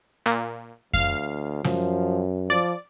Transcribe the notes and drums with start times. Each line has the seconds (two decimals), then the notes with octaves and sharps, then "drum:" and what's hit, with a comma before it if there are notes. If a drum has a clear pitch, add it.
0.26 A#2, drum: hi-hat
0.94 D2 F5, drum: kick F2
1.64 F#2 F3, drum: snare
2.50 F3 D5